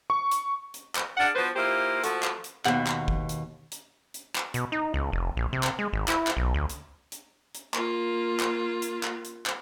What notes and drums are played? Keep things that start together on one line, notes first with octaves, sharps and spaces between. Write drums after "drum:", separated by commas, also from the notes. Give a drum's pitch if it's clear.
C#6
drum: hi-hat
drum: hi-hat
drum: clap
D4 G#4 F5 F#5
F3 B3 F#4 B4 C5
A#3 E4 F4 G4 C5
F3 A3 F#4 A4, drum: hi-hat
drum: clap
drum: hi-hat
D#2 B2 F#5, drum: clap
drum: clap
drum: kick G1
drum: hi-hat
drum: hi-hat
drum: hi-hat
drum: clap
B2, drum: hi-hat
D#4
C#2
F1
A#1
C3
drum: clap
G#3
G#1
E4, drum: clap
drum: clap
B1
D2
drum: hi-hat
drum: hi-hat
drum: hi-hat
A#3 F4, drum: clap
drum: clap
drum: hi-hat
drum: clap
drum: hi-hat
drum: clap